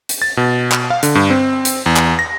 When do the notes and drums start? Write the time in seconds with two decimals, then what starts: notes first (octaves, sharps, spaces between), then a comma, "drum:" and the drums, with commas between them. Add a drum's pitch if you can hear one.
0.09 drum: hi-hat
0.22 A6
0.37 B2
0.72 drum: clap
0.90 F5
1.03 D3, drum: hi-hat
1.15 G2
1.30 C4
1.65 drum: hi-hat
1.86 E2
1.96 drum: clap
2.19 A#6